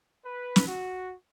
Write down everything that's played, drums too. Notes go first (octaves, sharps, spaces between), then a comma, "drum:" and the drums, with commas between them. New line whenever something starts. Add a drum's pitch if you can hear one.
B4
drum: snare
F#4